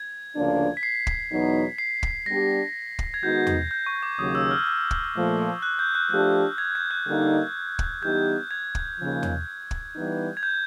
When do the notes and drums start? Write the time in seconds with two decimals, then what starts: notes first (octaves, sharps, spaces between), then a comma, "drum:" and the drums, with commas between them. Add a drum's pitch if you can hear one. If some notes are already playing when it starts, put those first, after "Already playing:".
Already playing: G#6
0.34 D2 C#3 F3 A#3 D4
0.77 B6
0.83 C7
1.07 drum: kick
1.30 E2 B2 F#3 B3 D#4
1.78 C7
2.03 drum: kick
2.26 G3 B3 D4 G4 A#6
2.99 drum: kick
3.14 G#6
3.22 D#3 G#3 B3 D#4 F#4 G6
3.47 drum: tom E2
3.71 G6
3.86 C#6
4.03 D6
4.18 D#2 C#3 F#3 D#6
4.35 E6
4.51 F6
4.67 E6
4.91 drum: kick
5.14 A#2 F3 A3
5.62 F#6
5.79 G6
5.95 F#6
6.10 F3 A3 D4 G4 F#6
6.58 G#6
6.75 G6
6.91 F#6
7.07 D3 G3 A#3 D#4
7.79 drum: kick
8.02 E3 G3 B3 D#4 G4 G6
8.51 G#6
8.75 drum: kick
8.98 D#2 C#3 F3
9.23 drum: tom E2
9.71 drum: kick
9.94 E3 G3 B3 D#4
10.37 G#6
10.43 G6